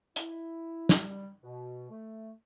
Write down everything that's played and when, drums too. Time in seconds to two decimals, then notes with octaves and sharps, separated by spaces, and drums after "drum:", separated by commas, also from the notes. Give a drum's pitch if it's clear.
0.16 E4, drum: hi-hat
0.89 G3, drum: snare
1.44 B2
1.90 A3